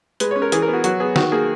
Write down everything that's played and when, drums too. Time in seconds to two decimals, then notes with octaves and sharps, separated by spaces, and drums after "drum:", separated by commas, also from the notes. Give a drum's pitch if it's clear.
0.20 G#3 B4, drum: hi-hat
0.31 C#5
0.36 C#4
0.42 A#4
0.52 E3 G#4, drum: hi-hat
0.62 A#4
0.68 B3
0.73 F#4
0.84 F#3 F#4, drum: hi-hat
1.00 B3 G#4
1.16 D#3 F#4, drum: snare
1.32 A#3 G#4